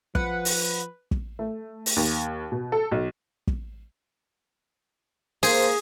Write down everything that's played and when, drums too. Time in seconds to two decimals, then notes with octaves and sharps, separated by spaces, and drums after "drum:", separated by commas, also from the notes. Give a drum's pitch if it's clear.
0.15 F3 B4 F#5, drum: kick
0.45 drum: open hi-hat
1.11 drum: kick
1.39 A3
1.86 drum: open hi-hat
1.96 D#2
2.52 B2
2.72 A4
2.92 B1
3.47 drum: kick
5.43 A#3 G#4 C5, drum: open hi-hat